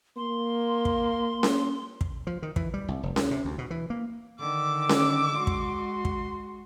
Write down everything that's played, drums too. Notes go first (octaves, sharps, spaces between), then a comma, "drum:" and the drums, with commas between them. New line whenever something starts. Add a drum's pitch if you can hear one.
A#3 C6
drum: kick
drum: snare C#4
drum: kick
F3
D#3
E3, drum: kick
G3
C2
F1
D#2, drum: snare C#4
C3
D2
B2
E3
A#3
D3 D#3 D6 E6
drum: snare C#4
G#3 F#4 C6
drum: kick
drum: kick